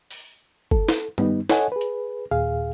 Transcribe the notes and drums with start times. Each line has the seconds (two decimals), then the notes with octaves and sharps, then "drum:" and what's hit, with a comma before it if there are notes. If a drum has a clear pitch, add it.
0.11 drum: open hi-hat
0.71 A4, drum: kick F#1
0.89 drum: snare
1.18 G3 B3 D#4, drum: tom
1.50 A4 C#5 D#5 F#5 G#5, drum: snare
1.72 G#4 B4
1.81 drum: hi-hat
2.31 D#2 A#2 G#4 F5